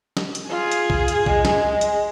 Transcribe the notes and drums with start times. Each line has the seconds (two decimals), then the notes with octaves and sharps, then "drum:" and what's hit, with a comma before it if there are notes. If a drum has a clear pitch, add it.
0.17 drum: snare
0.35 drum: hi-hat
0.49 F4 G#4
0.72 drum: hi-hat
0.90 drum: kick B1
1.08 drum: hi-hat
1.26 G#3, drum: kick B1
1.45 drum: snare
1.81 drum: hi-hat